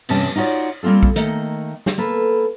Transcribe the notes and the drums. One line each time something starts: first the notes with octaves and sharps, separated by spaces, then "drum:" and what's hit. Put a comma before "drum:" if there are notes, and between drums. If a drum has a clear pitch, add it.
E2 G2 C3 C#4 A5, drum: cymbal
D#4 F4 F#4 C#5 D5
G3 A#3 C4 F4 A4
drum: kick A#1
D#3 A3 A#3 D#5, drum: hi-hat
drum: snare
A#3 A4 B4